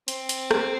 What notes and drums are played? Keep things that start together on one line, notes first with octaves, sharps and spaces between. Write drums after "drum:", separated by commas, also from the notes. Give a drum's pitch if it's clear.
C4, drum: hi-hat
drum: hi-hat
drum: rim click